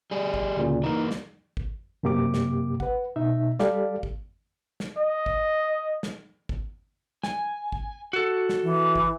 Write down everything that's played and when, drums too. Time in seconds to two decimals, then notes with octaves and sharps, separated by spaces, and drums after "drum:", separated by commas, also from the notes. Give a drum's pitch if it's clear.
0.11 G3 G#4
0.34 drum: kick
0.57 D2 A#2 C#3
0.84 E3 A#3 D#4
1.11 drum: snare
1.57 drum: kick
2.03 F#2 C3 A#3 G4 D6
2.34 drum: snare
2.80 B4 F#5, drum: kick
3.16 B2 D#4 E5
3.59 G3 G4 A4 D5 F5, drum: snare
4.03 drum: kick
4.80 drum: snare
4.98 D#5
5.26 drum: kick
6.03 drum: snare
6.49 drum: kick
7.23 G#5, drum: snare
7.72 drum: kick
8.13 F#4 A4
8.49 drum: snare
8.63 E3
8.96 drum: kick